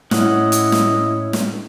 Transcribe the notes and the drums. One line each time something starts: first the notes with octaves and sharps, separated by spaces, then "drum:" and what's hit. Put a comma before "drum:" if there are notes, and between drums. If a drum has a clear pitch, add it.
A2 C#4 E4 D#5 F#5, drum: snare
drum: hi-hat
drum: snare
drum: snare